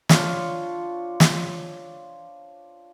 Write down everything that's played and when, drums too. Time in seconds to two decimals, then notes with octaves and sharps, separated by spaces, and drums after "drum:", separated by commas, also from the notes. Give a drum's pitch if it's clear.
0.09 D4 F4 C5 C#5, drum: snare
1.20 drum: snare